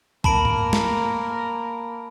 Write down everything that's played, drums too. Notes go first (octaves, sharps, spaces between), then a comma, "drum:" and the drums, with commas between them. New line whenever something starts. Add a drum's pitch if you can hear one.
A#3 A#4 A5 B5 D7, drum: kick C2
drum: tom G#2
drum: snare